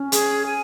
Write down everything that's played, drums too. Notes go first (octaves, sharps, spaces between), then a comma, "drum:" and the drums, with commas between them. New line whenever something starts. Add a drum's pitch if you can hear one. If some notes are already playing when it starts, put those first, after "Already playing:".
Already playing: C#4
G#4, drum: hi-hat
G#5